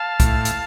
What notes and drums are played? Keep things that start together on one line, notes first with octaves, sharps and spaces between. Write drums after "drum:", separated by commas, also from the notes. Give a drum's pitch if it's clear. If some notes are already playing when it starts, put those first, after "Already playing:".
Already playing: F5 A5
A2, drum: kick, hi-hat
drum: hi-hat